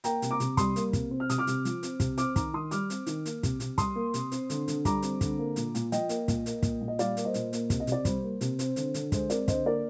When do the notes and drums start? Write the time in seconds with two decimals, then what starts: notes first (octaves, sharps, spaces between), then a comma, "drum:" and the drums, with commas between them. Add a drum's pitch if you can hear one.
0.04 A#3 G5 A#5, drum: hi-hat
0.22 C3, drum: hi-hat
0.31 A#5 D6
0.40 C3, drum: hi-hat
0.57 G3 C6 D#6, drum: kick, hi-hat
0.76 A#3, drum: hi-hat
0.93 C3, drum: kick, hi-hat
1.11 C4
1.20 F6
1.30 C3 D#6, drum: hi-hat
1.38 D6 F6
1.47 C3, drum: hi-hat
1.65 F3, drum: hi-hat
1.83 C4, drum: hi-hat
2.00 C3, drum: kick, hi-hat
2.17 C4 D6 F6, drum: hi-hat
2.36 D#3 A#5 D6, drum: kick, hi-hat
2.54 D#3 C6 D#6
2.71 G3 D6 F6, drum: hi-hat
2.90 C4, drum: hi-hat
3.07 D#3, drum: hi-hat
3.26 A#3, drum: hi-hat
3.43 C3, drum: kick, hi-hat
3.60 C3, drum: hi-hat
3.78 G3 C6 D#6, drum: kick, hi-hat
3.96 A#3
4.14 C3, drum: hi-hat
4.32 C4, drum: hi-hat
4.50 D3, drum: hi-hat
4.68 D3, drum: hi-hat
4.85 G3 A#5 D6, drum: kick, hi-hat
5.02 C4, drum: hi-hat
5.21 D3, drum: kick, hi-hat
5.39 A#3
5.56 A#2, drum: hi-hat
5.75 A#2, drum: hi-hat
5.92 F3 D#5 G5, drum: hi-hat
6.09 A#3, drum: hi-hat
6.28 A#2, drum: kick, hi-hat
6.46 A#3, drum: hi-hat
6.63 A#2, drum: kick, hi-hat
6.81 A#2
6.88 D#5
6.99 G3 D5 F5, drum: hi-hat
7.17 A#3, drum: hi-hat
7.25 C5 D#5
7.34 A#2, drum: hi-hat
7.53 A#3, drum: hi-hat
7.70 C3, drum: kick, hi-hat
7.80 D#5
7.87 C3 D5, drum: hi-hat
8.05 G3 C5, drum: kick, hi-hat
8.23 A#3
8.41 C3, drum: hi-hat
8.59 C4, drum: hi-hat
8.76 D3, drum: hi-hat
8.94 D3, drum: hi-hat
9.12 G#3 C5, drum: kick, hi-hat
9.30 C4 A#4 D5, drum: hi-hat
9.48 D3 C5 D#5, drum: kick, hi-hat
9.65 A#3 A#4 D5